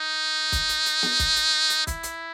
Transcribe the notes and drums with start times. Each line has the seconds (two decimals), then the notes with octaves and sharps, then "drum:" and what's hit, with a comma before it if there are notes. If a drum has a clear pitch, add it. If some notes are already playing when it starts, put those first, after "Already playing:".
Already playing: D#4
0.52 drum: kick, hi-hat
0.69 drum: hi-hat
0.86 drum: hi-hat
1.03 drum: snare
1.19 drum: kick, hi-hat
1.36 drum: hi-hat
1.70 drum: hi-hat
1.87 E4, drum: kick, hi-hat
2.03 drum: hi-hat